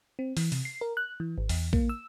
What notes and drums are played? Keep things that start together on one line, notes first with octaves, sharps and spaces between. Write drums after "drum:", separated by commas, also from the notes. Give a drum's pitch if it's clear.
C4
E3, drum: open hi-hat
C3, drum: open hi-hat
C7
A#4
F#6
E3
G#1
E2, drum: open hi-hat
A#3, drum: kick A#1
E6